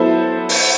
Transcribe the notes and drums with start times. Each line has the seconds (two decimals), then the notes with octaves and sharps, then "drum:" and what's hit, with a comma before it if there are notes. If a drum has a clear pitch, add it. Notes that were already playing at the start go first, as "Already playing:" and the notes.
Already playing: F#3 B3 E4 A4 C5
0.49 drum: open hi-hat